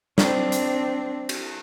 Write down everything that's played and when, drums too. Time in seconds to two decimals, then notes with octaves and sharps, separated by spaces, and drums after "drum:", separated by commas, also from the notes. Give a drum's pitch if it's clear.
0.18 C4 D4, drum: snare
0.52 drum: hi-hat
1.29 drum: cymbal